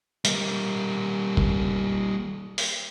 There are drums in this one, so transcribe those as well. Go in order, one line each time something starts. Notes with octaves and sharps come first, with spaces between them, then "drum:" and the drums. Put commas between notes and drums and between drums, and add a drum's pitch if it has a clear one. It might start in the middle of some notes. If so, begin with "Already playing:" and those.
G3 A#3, drum: hi-hat
drum: kick
drum: open hi-hat